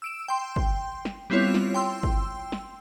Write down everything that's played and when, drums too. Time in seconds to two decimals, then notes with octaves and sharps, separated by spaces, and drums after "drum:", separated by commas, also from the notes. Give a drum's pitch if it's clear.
0.02 E6 D7 E7
0.28 G5 C6
0.56 drum: kick
1.05 drum: snare
1.30 G3 B3 C4 E4 F4 C#5
1.54 drum: snare
1.74 G5 C6 E6
2.03 drum: kick
2.52 drum: snare